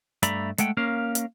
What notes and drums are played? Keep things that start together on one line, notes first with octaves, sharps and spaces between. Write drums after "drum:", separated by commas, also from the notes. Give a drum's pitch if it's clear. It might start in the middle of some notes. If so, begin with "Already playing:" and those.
G2 A3 D5 E5 A#5 B5, drum: hi-hat
G#3 A3 F#5 G5, drum: hi-hat
A#3 C#4 A#4 F5
drum: hi-hat